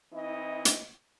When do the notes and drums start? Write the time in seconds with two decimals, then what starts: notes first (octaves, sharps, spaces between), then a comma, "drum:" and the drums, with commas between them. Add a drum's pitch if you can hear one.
0.13 E3 C4 D#4 E4 D#5
0.65 drum: hi-hat